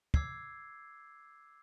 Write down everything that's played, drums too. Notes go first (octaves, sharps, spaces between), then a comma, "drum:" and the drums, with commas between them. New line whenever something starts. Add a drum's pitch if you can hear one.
D6 E6 G#6 C7, drum: kick